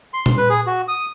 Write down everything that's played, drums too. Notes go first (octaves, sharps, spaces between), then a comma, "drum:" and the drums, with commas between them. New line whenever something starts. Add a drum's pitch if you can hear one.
C6
drum: tom A#2
B4
G#4
F#4
D#6